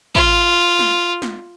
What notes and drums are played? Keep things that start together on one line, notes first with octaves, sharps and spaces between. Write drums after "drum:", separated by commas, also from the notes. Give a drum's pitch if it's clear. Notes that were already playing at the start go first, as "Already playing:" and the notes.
F4, drum: kick
drum: snare
drum: snare